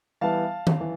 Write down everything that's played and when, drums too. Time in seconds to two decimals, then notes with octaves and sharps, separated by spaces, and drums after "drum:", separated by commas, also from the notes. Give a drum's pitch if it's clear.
0.21 E3 G3 B3 E4 F5 A5
0.67 drum: tom D#3
0.80 E3